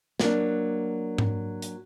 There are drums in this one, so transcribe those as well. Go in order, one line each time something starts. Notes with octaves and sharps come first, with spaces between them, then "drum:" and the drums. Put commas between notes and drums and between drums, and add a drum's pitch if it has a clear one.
F#3 A#3 D4, drum: snare
drum: tom G#2
drum: hi-hat